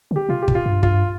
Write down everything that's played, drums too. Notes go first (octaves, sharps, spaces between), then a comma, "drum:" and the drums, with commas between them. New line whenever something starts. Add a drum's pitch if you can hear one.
D3
G4
C3 F4
G4
A#2, drum: kick
F4
G2
F4, drum: kick